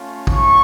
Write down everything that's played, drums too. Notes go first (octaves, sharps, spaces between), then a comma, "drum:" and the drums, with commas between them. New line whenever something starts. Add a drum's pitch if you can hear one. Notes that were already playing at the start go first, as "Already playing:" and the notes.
Already playing: A3 C#4 F4
C#6, drum: kick